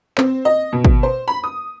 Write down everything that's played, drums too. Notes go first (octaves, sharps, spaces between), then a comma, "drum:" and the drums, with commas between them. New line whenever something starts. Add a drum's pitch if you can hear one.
C4, drum: clap
D#5
B2
drum: kick
C5
B5
D#6